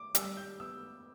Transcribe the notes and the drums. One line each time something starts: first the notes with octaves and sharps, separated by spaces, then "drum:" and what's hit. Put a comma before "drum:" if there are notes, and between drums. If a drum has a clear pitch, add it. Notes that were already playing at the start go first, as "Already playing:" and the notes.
Already playing: D6
G3 E6, drum: hi-hat
G6
B3 E6